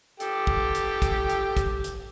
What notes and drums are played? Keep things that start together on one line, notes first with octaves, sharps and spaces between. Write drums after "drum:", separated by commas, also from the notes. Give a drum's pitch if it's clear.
G4 A4 G5, drum: hi-hat
drum: kick
drum: hi-hat
drum: kick, hi-hat
drum: hi-hat
drum: kick, hi-hat
drum: hi-hat